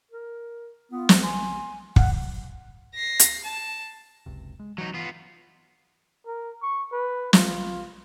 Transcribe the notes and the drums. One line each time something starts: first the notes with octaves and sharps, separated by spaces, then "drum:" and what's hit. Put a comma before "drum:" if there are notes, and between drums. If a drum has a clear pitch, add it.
A#4
B3 F4
drum: snare
G#5 C6
F5 F#5, drum: kick
A#6 C7
drum: hi-hat
A5
F#1 C#2 C3
G#3
E3 F#3 D#4
B3 F4
A#4
C#6
B4
F4, drum: snare